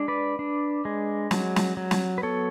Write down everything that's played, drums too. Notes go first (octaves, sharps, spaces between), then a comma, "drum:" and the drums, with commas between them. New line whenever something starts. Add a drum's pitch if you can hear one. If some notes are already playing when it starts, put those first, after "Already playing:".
Already playing: G#3 D4
B4 D5
D4
G#3
F#3, drum: snare
drum: snare
F#3
drum: snare
B4
B3 A4 C#5